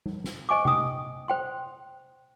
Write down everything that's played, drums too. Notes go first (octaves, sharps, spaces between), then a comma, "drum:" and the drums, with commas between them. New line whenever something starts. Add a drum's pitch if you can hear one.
drum: tom G3
drum: snare
C5 D#5 G#5 C#6 D6
G5 D#6, drum: tom C3
C5 G5 C6